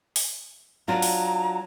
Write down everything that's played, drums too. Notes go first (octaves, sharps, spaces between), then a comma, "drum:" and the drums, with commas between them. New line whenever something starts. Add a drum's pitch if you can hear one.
drum: open hi-hat
F#3 D4 F4 A#5
drum: open hi-hat